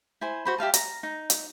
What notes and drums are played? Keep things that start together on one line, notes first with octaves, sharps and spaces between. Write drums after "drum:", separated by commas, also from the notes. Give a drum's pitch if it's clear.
E4 C5 G#5
F#4 C5 B5
G4 E5 F5 A5
A#5, drum: hi-hat
D#4
drum: hi-hat